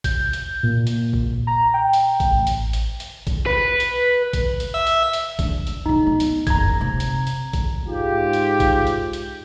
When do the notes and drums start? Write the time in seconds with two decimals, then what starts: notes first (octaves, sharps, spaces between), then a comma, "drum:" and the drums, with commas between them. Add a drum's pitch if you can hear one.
0.04 G6, drum: kick A#1, hi-hat
0.33 drum: hi-hat
0.63 A#2
0.87 drum: hi-hat
1.13 drum: kick A#1
1.47 A#5
1.74 G5
1.93 drum: hi-hat
2.20 drum: kick A#1, hi-hat
2.31 A1
2.47 drum: hi-hat
2.73 drum: hi-hat
3.00 drum: hi-hat
3.27 drum: kick A#1, hi-hat
3.46 B4
3.80 drum: hi-hat
4.33 drum: kick A#1, hi-hat
4.60 drum: hi-hat
4.74 E5
4.87 drum: hi-hat
5.13 drum: hi-hat
5.39 D4, drum: kick A#1, hi-hat
5.67 drum: hi-hat
5.86 C#3 F3 D#4
6.02 A#3 B3
6.20 drum: hi-hat
6.47 F#1 E2 A#5 G#6, drum: kick A#1, hi-hat
6.81 C3 C4
7.00 drum: hi-hat
7.27 drum: hi-hat
7.53 drum: kick A#1, hi-hat
7.87 G#2 F4 G4
8.33 drum: hi-hat
8.60 drum: kick A#1, hi-hat
8.87 drum: hi-hat
9.13 drum: hi-hat